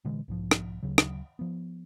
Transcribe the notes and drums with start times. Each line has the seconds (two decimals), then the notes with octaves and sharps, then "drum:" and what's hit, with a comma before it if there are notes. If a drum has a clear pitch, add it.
0.05 A#2 D3 E3 G#3
0.28 B1 G#2 F3
0.51 drum: rim click
0.83 D2 C#3 F#3
0.98 drum: rim click
1.39 F3 B3